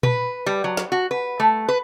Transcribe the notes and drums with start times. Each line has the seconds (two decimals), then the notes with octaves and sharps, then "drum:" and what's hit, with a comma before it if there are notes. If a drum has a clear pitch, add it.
0.03 B4, drum: tom A#2
0.46 G3
0.64 F#3
0.77 drum: snare
0.92 F#4
1.11 B4
1.40 A3
1.69 B4